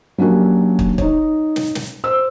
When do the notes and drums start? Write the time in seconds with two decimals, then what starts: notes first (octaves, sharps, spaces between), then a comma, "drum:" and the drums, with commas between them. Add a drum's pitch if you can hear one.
0.18 F#3 A#3 C#4 D4 F#4 G4
0.79 drum: kick
0.98 D#4 C#5, drum: kick
1.56 drum: snare
1.75 drum: snare
2.04 C5 E6